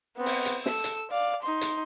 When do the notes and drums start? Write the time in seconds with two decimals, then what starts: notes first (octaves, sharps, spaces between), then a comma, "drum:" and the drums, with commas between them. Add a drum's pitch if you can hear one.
0.17 B3 C4
0.26 drum: open hi-hat
0.45 drum: hi-hat
0.66 A4 E6, drum: snare
0.84 drum: hi-hat
1.11 D5 F5
1.42 D#4 C6
1.61 drum: hi-hat